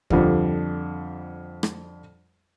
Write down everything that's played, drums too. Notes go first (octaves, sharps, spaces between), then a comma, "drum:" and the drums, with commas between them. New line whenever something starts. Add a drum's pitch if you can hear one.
F2 D3 F3 G3, drum: kick
drum: rim click